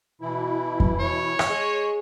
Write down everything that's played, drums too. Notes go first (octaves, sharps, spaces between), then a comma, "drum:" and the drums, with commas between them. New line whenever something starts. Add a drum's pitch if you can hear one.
B2 E3 E4
drum: kick F2
C#5
drum: rim click
G#3